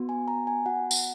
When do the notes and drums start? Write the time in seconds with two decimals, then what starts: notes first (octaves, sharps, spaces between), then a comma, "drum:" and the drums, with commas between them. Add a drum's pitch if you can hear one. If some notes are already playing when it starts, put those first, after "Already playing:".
Already playing: B3 F#4
0.09 G#5
0.28 A#5
0.47 G#5
0.66 B3 F#4 F#5
0.91 drum: tambourine